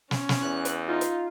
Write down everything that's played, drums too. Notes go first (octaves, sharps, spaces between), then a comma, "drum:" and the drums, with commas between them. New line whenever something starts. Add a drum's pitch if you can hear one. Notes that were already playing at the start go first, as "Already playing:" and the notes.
C#4, drum: snare
drum: snare
E2 F#6
drum: hi-hat
D#4 F4
drum: hi-hat